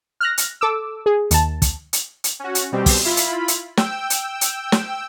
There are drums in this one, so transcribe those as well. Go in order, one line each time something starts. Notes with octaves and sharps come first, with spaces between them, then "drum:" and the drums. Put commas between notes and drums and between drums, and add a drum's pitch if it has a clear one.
F6 F#6 A#6
drum: hi-hat
A4 D6 E6
G#4
D#2 A5, drum: hi-hat
drum: kick, hi-hat
drum: hi-hat
drum: hi-hat
C#4 F#4
drum: hi-hat
B2 G3 C4 G4
drum: kick, open hi-hat
E4 F4 B5
drum: hi-hat
drum: hi-hat
G5 E6, drum: snare
drum: hi-hat
drum: hi-hat
drum: snare